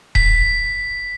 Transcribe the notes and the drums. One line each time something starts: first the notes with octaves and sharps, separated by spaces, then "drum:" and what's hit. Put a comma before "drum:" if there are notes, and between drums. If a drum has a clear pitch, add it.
B6, drum: kick D#1